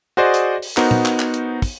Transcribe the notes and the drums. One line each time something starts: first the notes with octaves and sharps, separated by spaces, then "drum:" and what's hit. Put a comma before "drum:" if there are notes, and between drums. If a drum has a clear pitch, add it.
F#4 G#4 C5 D5 D#5
drum: hi-hat
drum: open hi-hat
B3 D#4 F#4 A#4 C5, drum: clap
drum: tom
drum: clap
drum: clap
drum: hi-hat
drum: kick, open hi-hat